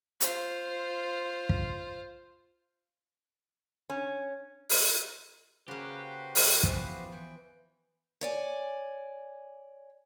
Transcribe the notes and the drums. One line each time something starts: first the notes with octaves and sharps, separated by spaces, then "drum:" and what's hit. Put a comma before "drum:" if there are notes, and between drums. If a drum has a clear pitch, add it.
F4 C5, drum: hi-hat
drum: kick
C#4
drum: open hi-hat
C#3 A#3 F#4 G4 B4 C5
drum: open hi-hat
E3 F3 B3, drum: kick
E3 G5
C#5 D5 G#5